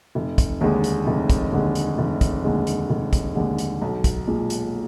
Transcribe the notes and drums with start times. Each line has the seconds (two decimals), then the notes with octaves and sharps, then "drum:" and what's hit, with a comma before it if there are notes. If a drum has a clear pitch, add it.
0.15 F1
0.38 drum: kick, hi-hat
0.61 D#2 D3 G#3
0.84 drum: hi-hat
1.07 F1
1.30 drum: kick, hi-hat
1.52 D#2 D3 G#3
1.75 drum: hi-hat
1.98 F1
2.21 drum: kick, hi-hat
2.44 D#2 D3 G#3
2.67 drum: hi-hat
2.90 F1
3.13 drum: kick, hi-hat
3.35 D#2 D3 G#3
3.58 drum: hi-hat
3.82 B1
4.04 drum: kick, hi-hat
4.27 A#2 G#3
4.50 drum: hi-hat